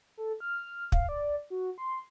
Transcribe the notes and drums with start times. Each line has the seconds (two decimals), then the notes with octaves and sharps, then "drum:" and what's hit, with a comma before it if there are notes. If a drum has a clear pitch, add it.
0.17 A4
0.40 F6
0.92 F5, drum: kick
1.09 D5
1.50 F#4
1.78 C6